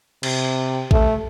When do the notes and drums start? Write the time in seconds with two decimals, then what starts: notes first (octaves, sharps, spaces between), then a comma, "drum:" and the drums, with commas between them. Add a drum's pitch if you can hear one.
0.23 C3, drum: cymbal
0.91 A3, drum: kick A#1